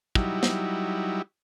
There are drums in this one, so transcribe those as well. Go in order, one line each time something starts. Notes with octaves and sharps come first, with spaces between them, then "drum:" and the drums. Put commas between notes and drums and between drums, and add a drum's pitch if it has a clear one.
F#3 G3 D#4 E4, drum: kick
drum: snare